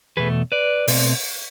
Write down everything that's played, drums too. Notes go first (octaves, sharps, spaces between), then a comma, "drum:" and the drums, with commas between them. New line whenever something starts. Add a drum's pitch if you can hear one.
E2 B2 A3 G#4 B4
B4 D5
B2 A3 C4, drum: open hi-hat